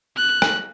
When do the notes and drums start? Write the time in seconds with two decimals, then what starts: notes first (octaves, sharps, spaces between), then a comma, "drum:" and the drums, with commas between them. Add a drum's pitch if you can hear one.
0.16 F#6
0.42 drum: rim click